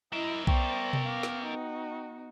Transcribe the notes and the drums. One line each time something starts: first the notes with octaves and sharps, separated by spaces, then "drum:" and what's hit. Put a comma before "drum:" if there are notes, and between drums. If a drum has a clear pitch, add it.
E4 A#4 D#5 E5
B3 C5 D5 G5 C#6, drum: kick B1
drum: tom B2
F5 D6
drum: snare
D#4 F#4